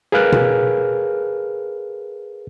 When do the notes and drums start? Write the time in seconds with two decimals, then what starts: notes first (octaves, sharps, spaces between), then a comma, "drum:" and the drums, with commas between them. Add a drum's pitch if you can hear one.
0.12 G#4 A#4 B4 F5 F6 F#6
0.32 drum: tom B2